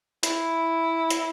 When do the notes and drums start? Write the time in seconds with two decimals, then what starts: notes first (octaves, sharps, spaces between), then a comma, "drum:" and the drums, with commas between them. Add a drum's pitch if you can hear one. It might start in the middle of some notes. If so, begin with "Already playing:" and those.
0.23 E4, drum: hi-hat
1.11 drum: hi-hat